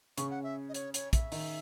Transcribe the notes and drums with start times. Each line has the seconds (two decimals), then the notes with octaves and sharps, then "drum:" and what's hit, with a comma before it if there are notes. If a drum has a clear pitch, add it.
0.18 C#3 C#4 C#6, drum: hi-hat
0.30 F#5
0.43 E5
0.69 D#5
0.74 C#5, drum: hi-hat
0.94 C#5, drum: hi-hat
1.13 E5, drum: kick, hi-hat
1.32 D#3 D#4, drum: open hi-hat